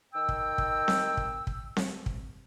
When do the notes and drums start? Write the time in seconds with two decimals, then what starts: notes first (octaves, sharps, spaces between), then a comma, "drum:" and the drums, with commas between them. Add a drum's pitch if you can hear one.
0.14 D#3 G5 E6
0.29 drum: kick
0.58 drum: kick
0.88 drum: snare C4
1.17 drum: kick
1.47 drum: kick
1.77 drum: snare C4
2.06 drum: kick